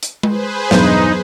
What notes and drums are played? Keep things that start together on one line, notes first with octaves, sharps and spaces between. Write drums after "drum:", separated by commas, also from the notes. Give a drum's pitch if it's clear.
drum: hi-hat
G#4 B4 C5, drum: tom G#3
E1 G2 F#3 D#4 G6, drum: snare